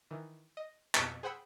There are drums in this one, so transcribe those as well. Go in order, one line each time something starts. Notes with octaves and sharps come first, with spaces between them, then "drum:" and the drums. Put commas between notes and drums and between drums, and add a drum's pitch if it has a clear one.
D#3 E3
D#5
F2 B2 G#5, drum: clap
G#4 C5 F#5 G5 B5 E6